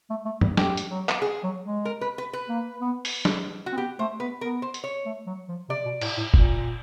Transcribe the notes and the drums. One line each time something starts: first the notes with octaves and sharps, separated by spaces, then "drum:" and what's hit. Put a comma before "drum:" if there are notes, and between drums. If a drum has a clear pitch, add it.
A3
A3
G3, drum: tom
G4, drum: snare
drum: hi-hat
F#3
drum: clap
G#4
F#3
G#3
A#4
B4
B4
B4
A#3
B3
drum: open hi-hat
drum: snare
F#4
C4
B3 G4
A3 C5
B3 B4
B3 A#4
C5
drum: hi-hat
C#5
A3
F#3
F3
C3 D5
B2
A2, drum: cymbal
A2
A#2, drum: kick